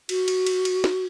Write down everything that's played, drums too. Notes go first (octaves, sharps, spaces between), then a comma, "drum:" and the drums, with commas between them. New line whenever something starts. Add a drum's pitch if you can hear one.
F#4, drum: cymbal
drum: cymbal
drum: cymbal
drum: cymbal
drum: snare